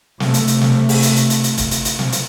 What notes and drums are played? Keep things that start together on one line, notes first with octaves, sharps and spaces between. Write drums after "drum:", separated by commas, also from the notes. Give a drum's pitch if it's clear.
C3 A3, drum: snare
drum: hi-hat
drum: hi-hat
drum: snare
drum: open hi-hat
drum: hi-hat
drum: hi-hat
drum: hi-hat
drum: hi-hat
drum: kick, hi-hat
drum: hi-hat
drum: hi-hat
drum: snare
drum: hi-hat